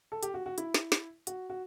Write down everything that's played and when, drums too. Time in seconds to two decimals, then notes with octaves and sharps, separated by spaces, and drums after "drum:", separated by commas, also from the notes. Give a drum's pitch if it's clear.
0.12 A4
0.23 G4, drum: hi-hat
0.34 F#4
0.46 F#4
0.58 E4, drum: hi-hat
0.74 drum: snare
0.92 drum: snare
1.27 F#4, drum: hi-hat
1.50 F#4